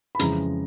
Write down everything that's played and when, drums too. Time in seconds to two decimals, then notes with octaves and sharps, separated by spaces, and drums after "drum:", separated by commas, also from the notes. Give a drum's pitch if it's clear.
0.15 B5
0.19 F2 C#3 E3 G#3 A#5, drum: hi-hat